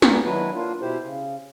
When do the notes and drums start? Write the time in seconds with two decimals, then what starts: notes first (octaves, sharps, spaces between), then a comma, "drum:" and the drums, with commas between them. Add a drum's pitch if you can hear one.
0.02 A#2 B3 D#4 G#5, drum: snare
0.25 D#3 F#3 D4 E4 F#4 B4
0.55 A#3 D4 F4
0.82 B2 E4 G4 C5
1.03 C#3